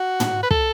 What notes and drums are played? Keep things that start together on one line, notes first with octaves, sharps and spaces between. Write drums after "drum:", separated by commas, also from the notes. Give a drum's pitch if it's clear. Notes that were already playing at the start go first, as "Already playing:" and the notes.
Already playing: F#4
drum: tom
B4
A4, drum: kick